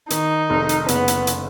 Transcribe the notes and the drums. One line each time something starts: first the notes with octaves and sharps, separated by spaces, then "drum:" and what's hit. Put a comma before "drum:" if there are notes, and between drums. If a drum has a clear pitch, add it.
D#3 D#4, drum: hi-hat
F1
drum: hi-hat
F#1 B3, drum: hi-hat
drum: hi-hat
drum: hi-hat